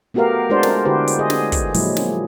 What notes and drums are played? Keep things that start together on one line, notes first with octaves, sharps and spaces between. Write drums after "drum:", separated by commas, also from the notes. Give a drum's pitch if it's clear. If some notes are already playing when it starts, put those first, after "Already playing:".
A3 B3 F#4 G4 A#4 F5
G#3 D4 F4 F#4 C5 D5
A#4, drum: snare
D3 E4 F#4 G4 B4 C5
drum: hi-hat
G#4 D#5
drum: snare
drum: kick, hi-hat
A#2 F3 F#3 G#3 E4, drum: open hi-hat
drum: snare